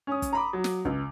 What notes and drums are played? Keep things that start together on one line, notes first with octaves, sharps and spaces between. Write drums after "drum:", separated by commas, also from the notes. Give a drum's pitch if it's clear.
C#4 D#6
drum: kick, hi-hat
A#5 B5 D6
F#3
drum: snare
C#2, drum: kick